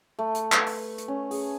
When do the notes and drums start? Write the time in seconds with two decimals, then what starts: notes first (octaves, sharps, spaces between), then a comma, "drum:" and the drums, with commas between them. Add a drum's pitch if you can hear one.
0.19 A3
0.34 drum: hi-hat
0.52 B4, drum: clap
0.66 drum: open hi-hat
0.98 drum: hi-hat
1.08 C#4
1.31 G#4, drum: open hi-hat